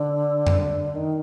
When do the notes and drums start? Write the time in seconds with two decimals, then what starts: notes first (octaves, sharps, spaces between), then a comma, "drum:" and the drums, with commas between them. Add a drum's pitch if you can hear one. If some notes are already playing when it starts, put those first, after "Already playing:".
Already playing: D3
0.47 drum: tom F2
0.95 D#3